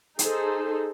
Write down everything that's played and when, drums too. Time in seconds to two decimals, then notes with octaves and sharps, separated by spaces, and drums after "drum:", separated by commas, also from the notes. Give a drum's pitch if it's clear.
0.19 D#4 G#4 A4 C5, drum: hi-hat